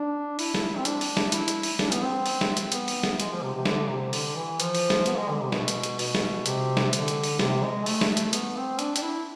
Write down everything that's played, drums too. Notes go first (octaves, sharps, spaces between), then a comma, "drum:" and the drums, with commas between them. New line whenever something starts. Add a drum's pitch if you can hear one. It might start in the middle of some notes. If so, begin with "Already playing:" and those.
Already playing: D4
E4, drum: open hi-hat
drum: snare
C4
D4, drum: hi-hat
drum: open hi-hat
drum: snare
E4, drum: hi-hat
drum: hi-hat
drum: open hi-hat
D4, drum: snare
B3, drum: hi-hat
C4
drum: open hi-hat
drum: snare
drum: hi-hat
B3, drum: hi-hat
drum: open hi-hat
drum: snare
G#3, drum: hi-hat
F3
C3
C3
D3, drum: snare
C3
D3, drum: open hi-hat
E3
F3, drum: hi-hat
drum: open hi-hat
drum: snare
B3, drum: hi-hat
G#3
D3
C3
B2, drum: snare
drum: hi-hat
drum: hi-hat
B2, drum: open hi-hat
drum: snare
C3, drum: hi-hat
drum: snare
D3, drum: hi-hat
drum: hi-hat
drum: open hi-hat
C3, drum: snare
G#3
A3, drum: open hi-hat
drum: snare
drum: hi-hat
B3, drum: hi-hat
C4
D4, drum: hi-hat
D4, drum: hi-hat
E4